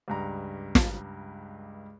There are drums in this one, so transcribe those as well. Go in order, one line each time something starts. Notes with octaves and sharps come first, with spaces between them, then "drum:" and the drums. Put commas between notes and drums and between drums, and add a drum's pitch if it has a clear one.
C#2 G2 A#5
drum: snare